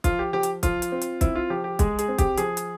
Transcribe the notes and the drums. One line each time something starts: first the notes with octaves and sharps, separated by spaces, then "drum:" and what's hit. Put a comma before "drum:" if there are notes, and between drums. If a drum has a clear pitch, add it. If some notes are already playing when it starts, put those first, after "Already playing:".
F3 F4, drum: kick, hi-hat
G4
F3 G4
drum: hi-hat
F3 F4, drum: kick, hi-hat
drum: hi-hat
C4
drum: hi-hat
C4 E4, drum: kick, hi-hat
F4
F3 G4
G4
G#3 G#4, drum: kick, hi-hat
G#4, drum: hi-hat
C4
G4, drum: kick, hi-hat
F3 G#4, drum: hi-hat
drum: hi-hat